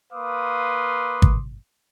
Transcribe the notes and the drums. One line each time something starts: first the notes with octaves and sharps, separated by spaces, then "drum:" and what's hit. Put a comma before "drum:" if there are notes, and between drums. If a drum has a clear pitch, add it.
A#3 B4 F5 C6 D6 D#6
drum: kick